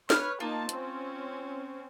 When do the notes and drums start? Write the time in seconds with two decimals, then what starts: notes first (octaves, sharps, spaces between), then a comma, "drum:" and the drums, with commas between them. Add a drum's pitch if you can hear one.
0.10 B4 C#5 F6, drum: snare
0.40 A#3 D#4 F4 A5
0.69 C4 C#4, drum: hi-hat